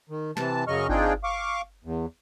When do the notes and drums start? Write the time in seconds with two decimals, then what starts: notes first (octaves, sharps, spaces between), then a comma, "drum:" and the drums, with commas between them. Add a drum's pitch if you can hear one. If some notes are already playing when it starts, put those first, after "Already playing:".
0.10 D#3
0.37 C3 E3 A5, drum: snare
0.67 F#2 C#3 F#3 D#5 C#6 F6
0.89 C4 D4 D#4 F4 G#4 G5, drum: kick G1
1.24 F5 C#6 D6
1.85 E2